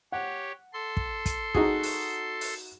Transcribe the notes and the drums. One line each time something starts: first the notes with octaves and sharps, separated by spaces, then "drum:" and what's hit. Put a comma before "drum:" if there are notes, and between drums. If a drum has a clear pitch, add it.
G4 C#5 F#5
A4 C6
drum: kick
drum: kick, hi-hat
D#4 F#4 G#4, drum: kick
drum: open hi-hat
drum: open hi-hat